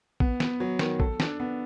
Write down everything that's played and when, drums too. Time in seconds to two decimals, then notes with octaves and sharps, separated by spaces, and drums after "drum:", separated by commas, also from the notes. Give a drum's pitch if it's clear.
0.20 B3, drum: kick
0.40 B3, drum: snare
0.60 F#3
0.79 D#3, drum: snare
1.00 A4, drum: kick
1.20 D4, drum: snare
1.40 B3